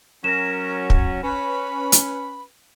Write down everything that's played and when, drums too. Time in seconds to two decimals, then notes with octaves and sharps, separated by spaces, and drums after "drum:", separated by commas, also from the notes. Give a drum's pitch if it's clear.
0.24 F#3 C#4 A#4 A#6 E7
0.90 drum: kick
1.23 C#4 B4 B5
1.92 drum: hi-hat